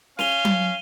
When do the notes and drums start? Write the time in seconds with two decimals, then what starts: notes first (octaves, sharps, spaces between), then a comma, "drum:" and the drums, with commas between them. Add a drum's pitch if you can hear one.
0.19 C#4 F5 D#7 F7 G7, drum: snare
0.45 drum: tom F#3